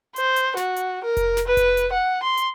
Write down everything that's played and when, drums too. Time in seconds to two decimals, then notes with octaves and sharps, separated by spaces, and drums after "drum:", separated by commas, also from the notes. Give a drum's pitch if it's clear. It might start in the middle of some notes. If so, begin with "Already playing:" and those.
0.16 C5, drum: hi-hat
0.36 drum: hi-hat
0.57 F#4, drum: snare
0.76 drum: hi-hat
1.04 A#4
1.17 drum: kick F1, hi-hat
1.37 drum: snare
1.48 B4
1.57 drum: kick F1, hi-hat
1.77 drum: hi-hat
1.93 F#5
2.23 C6
2.37 drum: hi-hat